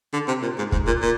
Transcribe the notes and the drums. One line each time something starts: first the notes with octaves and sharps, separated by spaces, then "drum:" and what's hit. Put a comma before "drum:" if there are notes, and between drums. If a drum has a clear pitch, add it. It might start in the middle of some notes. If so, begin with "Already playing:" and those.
D3
C3
A#2
G#2
G#2, drum: kick
A#2
A#2